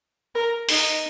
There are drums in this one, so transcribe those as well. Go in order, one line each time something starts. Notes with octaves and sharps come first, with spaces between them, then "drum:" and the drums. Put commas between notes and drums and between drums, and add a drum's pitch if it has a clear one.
A#4
D#4, drum: open hi-hat